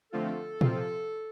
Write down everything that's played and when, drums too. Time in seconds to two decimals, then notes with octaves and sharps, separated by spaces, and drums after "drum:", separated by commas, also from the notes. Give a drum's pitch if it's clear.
0.12 D3 F3 A3 C4 F4 A4
0.61 C3 F3 C4 F4, drum: tom A#2